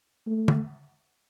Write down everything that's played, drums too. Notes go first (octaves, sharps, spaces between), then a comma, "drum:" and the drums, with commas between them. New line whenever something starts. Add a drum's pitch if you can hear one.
A3
drum: tom